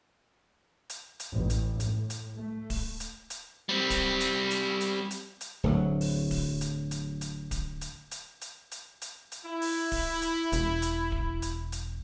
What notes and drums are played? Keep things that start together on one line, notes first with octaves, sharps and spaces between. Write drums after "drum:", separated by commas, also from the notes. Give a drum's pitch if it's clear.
drum: hi-hat
drum: hi-hat
A1
drum: hi-hat
A2, drum: hi-hat
drum: hi-hat
A3
drum: kick D1, open hi-hat
drum: hi-hat
drum: hi-hat
G3 C4
drum: kick D1, hi-hat
drum: hi-hat
drum: hi-hat
drum: hi-hat
drum: hi-hat
drum: hi-hat
D1 D2 F#3
drum: open hi-hat
drum: kick D1, open hi-hat
drum: hi-hat
drum: hi-hat
drum: hi-hat
drum: kick D1, hi-hat
drum: hi-hat
drum: hi-hat
drum: hi-hat
drum: hi-hat
drum: hi-hat
drum: hi-hat
E4
drum: open hi-hat
drum: kick D1, open hi-hat
drum: hi-hat
E1, drum: hi-hat
drum: hi-hat
drum: kick D1
drum: hi-hat
drum: hi-hat